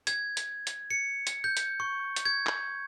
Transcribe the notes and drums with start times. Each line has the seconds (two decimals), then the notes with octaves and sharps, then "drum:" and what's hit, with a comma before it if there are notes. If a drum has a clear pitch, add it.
0.07 G#6, drum: hi-hat
0.37 drum: hi-hat
0.67 drum: hi-hat
0.91 C#7
1.27 drum: hi-hat
1.44 G6
1.57 drum: hi-hat
1.80 C#6
2.16 drum: hi-hat
2.25 G#6
2.46 drum: clap